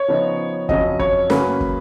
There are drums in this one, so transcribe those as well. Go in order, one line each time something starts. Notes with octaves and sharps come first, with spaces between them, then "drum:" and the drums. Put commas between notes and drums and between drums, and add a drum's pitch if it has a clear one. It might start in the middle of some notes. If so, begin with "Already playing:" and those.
Already playing: C#5
C#3 F3 B3 D#4
F2 C#3 F#3 C#4 D#5, drum: kick
C#5, drum: kick
F#2 C#3 F#3 A#3 C#4 B4, drum: snare
drum: kick